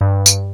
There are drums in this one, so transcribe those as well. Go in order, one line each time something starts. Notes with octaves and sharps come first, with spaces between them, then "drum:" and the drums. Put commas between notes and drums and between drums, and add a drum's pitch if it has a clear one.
G2
drum: tambourine